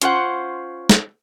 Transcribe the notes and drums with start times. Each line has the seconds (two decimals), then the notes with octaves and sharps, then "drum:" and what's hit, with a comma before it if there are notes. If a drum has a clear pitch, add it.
0.02 C#4 F4 C5 F#5, drum: hi-hat
0.89 drum: snare